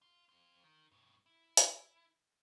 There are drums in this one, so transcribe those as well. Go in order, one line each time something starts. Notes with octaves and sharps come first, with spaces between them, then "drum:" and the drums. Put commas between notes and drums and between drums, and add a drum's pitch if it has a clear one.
F4
C4 F4
D#3
G2 B2
E4
drum: hi-hat